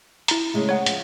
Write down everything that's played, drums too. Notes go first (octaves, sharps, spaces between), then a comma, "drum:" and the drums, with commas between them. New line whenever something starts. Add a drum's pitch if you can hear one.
E4 A#5, drum: hi-hat
C#3 G#3 A3
C#5 F#5
F3, drum: hi-hat